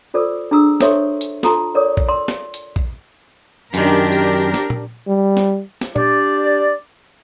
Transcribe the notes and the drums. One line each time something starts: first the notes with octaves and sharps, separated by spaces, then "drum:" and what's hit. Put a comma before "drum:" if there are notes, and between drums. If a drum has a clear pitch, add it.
F4 A4 C5 D5 D6 E6
D4 G#4 A#5 D#6 E6
A4 C5 C#5 E5 C6 C#6, drum: snare
drum: hi-hat
F4 A4 A5 A#5 C6, drum: snare
A4 A#4 C#5 D5 D6 D#6
drum: kick A#1
D5 C6 E6
drum: snare
drum: hi-hat
drum: kick A#1
F#2 D#3 D4 G4 A#4, drum: hi-hat
drum: tambourine
drum: snare
drum: tom A#2
G3
drum: snare
drum: snare
D4 G4 D5, drum: tom A#2